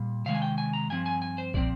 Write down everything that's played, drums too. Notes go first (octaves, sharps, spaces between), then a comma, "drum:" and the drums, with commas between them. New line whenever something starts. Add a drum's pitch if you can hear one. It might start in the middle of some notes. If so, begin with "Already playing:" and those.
Already playing: A#2 G3
C3 D#3 G#3 F5
G#5
G5
G#5
A#5
G2 F3 C4 G#5
G#5
G#5
C5
A#2 F3 C4 D5, drum: kick